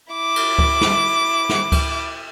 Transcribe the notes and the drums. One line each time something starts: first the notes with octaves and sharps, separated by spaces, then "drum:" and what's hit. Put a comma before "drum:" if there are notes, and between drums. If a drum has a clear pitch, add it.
E4 D6
drum: cymbal
drum: kick C#2
drum: snare
drum: snare
drum: kick C#2, cymbal